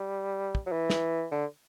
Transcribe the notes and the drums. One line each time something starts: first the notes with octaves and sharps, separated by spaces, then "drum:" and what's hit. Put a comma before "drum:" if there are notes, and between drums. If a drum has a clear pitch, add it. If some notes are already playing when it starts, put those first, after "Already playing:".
Already playing: G3
drum: kick
F#3
E3
drum: snare
D3